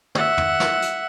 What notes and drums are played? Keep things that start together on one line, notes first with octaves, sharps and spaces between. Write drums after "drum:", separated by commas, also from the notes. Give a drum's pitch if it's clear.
E5 F#5, drum: tom
drum: tom
drum: snare
drum: hi-hat